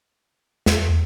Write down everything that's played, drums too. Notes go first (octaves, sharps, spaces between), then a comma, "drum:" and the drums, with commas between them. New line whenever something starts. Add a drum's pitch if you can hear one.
E2, drum: snare